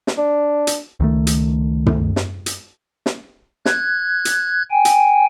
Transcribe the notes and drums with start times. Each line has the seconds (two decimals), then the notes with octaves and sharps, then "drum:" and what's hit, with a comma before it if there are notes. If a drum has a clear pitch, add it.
0.07 drum: snare
0.18 D4
0.67 drum: hi-hat
1.00 C#2 D#3 A3
1.27 drum: hi-hat
1.86 drum: tom
2.16 drum: snare
2.46 drum: hi-hat
3.06 drum: snare
3.66 F#6 G#6, drum: snare
4.25 drum: hi-hat
4.70 G5 G#5
4.85 drum: hi-hat